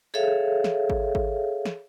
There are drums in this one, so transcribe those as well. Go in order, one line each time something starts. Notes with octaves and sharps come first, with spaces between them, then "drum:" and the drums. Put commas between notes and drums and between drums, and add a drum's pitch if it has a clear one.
G#4 A4 C#5 E5 F5
drum: snare
drum: kick G#1
drum: kick G#1
drum: snare